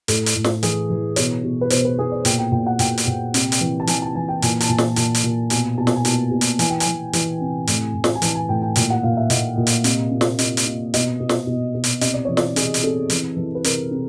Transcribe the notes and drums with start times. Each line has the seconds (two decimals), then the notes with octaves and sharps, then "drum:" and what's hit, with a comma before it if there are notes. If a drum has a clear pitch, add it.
0.08 A2 A4, drum: hi-hat
0.26 drum: hi-hat
0.35 A2
0.44 drum: snare
0.63 E3 G#4, drum: hi-hat
0.90 E3
1.16 B2 C#5, drum: hi-hat
1.44 B2
1.61 B4
1.70 B2 C5, drum: hi-hat
1.85 B4
1.99 B2 G#4
2.12 D5
2.25 A#2 G5, drum: hi-hat
2.39 G5
2.52 A#2 G5
2.66 F#5
2.79 A#2 G5, drum: hi-hat
2.98 drum: hi-hat
3.07 A#2
3.34 C3, drum: hi-hat
3.52 drum: hi-hat
3.61 E3
3.80 A5
3.87 E3 G#5, drum: hi-hat
4.02 A5
4.15 E3 G#5
4.28 G5
4.42 A#2 G#5, drum: hi-hat
4.60 A5, drum: hi-hat
4.69 A#2 G#5
4.78 drum: snare
4.96 A#2 A5, drum: hi-hat
5.15 drum: hi-hat
5.24 A#2
5.50 B2 G#5, drum: hi-hat
5.78 B2 A5
5.87 drum: snare
5.96 G#5
6.05 B2 A5, drum: hi-hat
6.31 B2
6.41 drum: hi-hat
6.59 E3 G#5, drum: hi-hat
6.70 G5
6.80 G#5, drum: hi-hat
6.87 E3
7.13 E3, drum: hi-hat
7.41 C3
7.67 A2, drum: hi-hat
7.94 A2
8.04 drum: snare
8.15 G#5
8.22 E3 A5, drum: hi-hat
8.35 G#5
8.49 A2 G5
8.62 G5
8.76 A#2 G5, drum: hi-hat
8.90 F#5
9.03 A#2 F5
9.17 E5
9.30 A#2 D#5, drum: hi-hat
9.57 A#2
9.67 drum: hi-hat
9.84 C3, drum: hi-hat
10.12 C3
10.21 drum: snare
10.39 C3 D#5, drum: hi-hat
10.57 drum: hi-hat
10.67 C3
10.94 B2 D#5, drum: hi-hat
11.20 B2
11.29 drum: snare
11.47 B2
11.75 B2
11.84 drum: hi-hat
12.01 C3 D#5, drum: hi-hat
12.14 D5
12.25 E3 C#5
12.37 D5, drum: snare
12.56 C3 G#4, drum: hi-hat
12.74 drum: hi-hat
12.83 C3 A4
13.10 E3, drum: hi-hat
13.37 E3
13.55 B4
13.64 C3 A#4, drum: hi-hat
13.91 C3